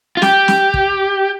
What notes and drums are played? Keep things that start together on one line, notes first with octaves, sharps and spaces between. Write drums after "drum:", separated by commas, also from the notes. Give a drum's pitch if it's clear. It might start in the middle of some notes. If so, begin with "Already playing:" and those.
F4
G4, drum: snare
drum: snare
drum: kick